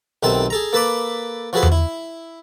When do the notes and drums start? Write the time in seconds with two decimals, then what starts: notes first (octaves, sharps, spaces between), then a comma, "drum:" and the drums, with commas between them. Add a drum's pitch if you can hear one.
0.23 B1 C3 D#3 C4 A4 A5
0.50 G#4 A4 A#5
0.73 A#3 A4 B4 A5 B5 D6
1.53 F3 F#4 G#4 A4 B4
1.63 drum: tom E2
1.72 E4